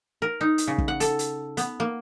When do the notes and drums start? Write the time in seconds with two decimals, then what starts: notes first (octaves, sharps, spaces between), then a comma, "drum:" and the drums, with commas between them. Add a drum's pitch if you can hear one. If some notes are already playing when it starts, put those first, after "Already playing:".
0.22 A#4
0.41 D#4
0.58 drum: hi-hat
0.67 C#3
0.78 drum: kick
0.88 F#5
1.00 A4, drum: hi-hat
1.19 drum: hi-hat
1.57 B3, drum: hi-hat
1.80 A#3